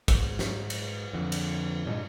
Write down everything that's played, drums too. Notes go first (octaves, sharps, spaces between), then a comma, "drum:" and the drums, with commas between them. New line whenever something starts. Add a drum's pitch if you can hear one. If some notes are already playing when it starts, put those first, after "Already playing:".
G#2, drum: kick, cymbal
drum: snare
drum: cymbal
F2 D3
drum: cymbal
G2 A#2 G3 G#3